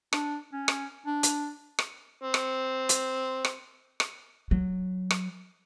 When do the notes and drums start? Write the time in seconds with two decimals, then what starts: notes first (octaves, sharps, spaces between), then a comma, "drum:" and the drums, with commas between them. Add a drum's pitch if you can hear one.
0.13 D4, drum: rim click
0.52 C#4
0.68 drum: rim click
1.06 D4
1.23 drum: hi-hat
1.79 drum: rim click
2.21 C4
2.34 drum: rim click
2.89 drum: hi-hat
3.45 drum: rim click
4.00 drum: rim click
4.51 F#3
5.11 drum: rim click